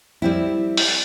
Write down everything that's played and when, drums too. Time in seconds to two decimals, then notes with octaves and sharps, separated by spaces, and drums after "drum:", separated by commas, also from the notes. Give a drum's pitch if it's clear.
0.22 G3 C4 E4
0.77 drum: open hi-hat